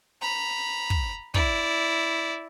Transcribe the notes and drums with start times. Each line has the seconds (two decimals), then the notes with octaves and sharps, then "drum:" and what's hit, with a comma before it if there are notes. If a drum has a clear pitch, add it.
0.22 A#5 B5
0.90 drum: kick
1.34 E4 D5, drum: kick